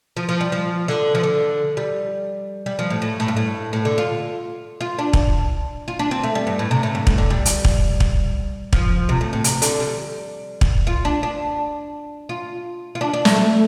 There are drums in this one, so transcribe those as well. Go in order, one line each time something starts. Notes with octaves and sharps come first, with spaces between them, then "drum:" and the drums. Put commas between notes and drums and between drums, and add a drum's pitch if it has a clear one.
F3
F3
G3
F3
D3
F3
D3
G3
G3
F3
A2
A2
A2
G2
A2
A2
D3
F4
F4
D4
drum: kick
F4
D4
C4
A3
G3
G2
A2
C3
A2
G2
A2, drum: kick
D3
G3
drum: hi-hat
drum: kick
drum: kick
F3, drum: kick
C3
A2
A2
C3, drum: hi-hat
D3, drum: hi-hat
G3
drum: kick
F4
D4
D4
F4
F4
D4
D4
A3, drum: snare
A3